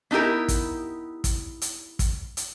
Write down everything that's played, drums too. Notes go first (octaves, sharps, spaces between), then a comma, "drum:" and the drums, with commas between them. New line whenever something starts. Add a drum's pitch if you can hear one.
B3 D#4 E4 G4 A#4
drum: kick, hi-hat
drum: kick, hi-hat
drum: hi-hat
drum: kick, hi-hat
drum: hi-hat